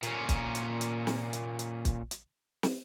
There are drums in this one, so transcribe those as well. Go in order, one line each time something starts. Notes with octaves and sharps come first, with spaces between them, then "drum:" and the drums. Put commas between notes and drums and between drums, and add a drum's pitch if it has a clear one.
A#2 C#4, drum: hi-hat
drum: kick, hi-hat
drum: hi-hat
drum: hi-hat
drum: snare
drum: hi-hat
drum: hi-hat
drum: kick, hi-hat
drum: hi-hat
drum: snare